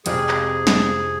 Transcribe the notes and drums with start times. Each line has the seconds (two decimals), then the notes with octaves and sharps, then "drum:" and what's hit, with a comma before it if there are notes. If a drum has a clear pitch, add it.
0.06 F2 C3 F3 G#3 G#4, drum: hi-hat
0.29 drum: clap
0.67 drum: snare